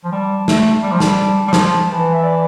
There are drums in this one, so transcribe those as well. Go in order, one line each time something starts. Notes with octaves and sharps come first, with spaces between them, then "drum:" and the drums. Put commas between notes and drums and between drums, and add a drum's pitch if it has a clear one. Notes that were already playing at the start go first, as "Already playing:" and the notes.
F3
G3 A5
A3, drum: snare
G3
F3
G3, drum: snare
G3
F3, drum: snare
E3
E5
D5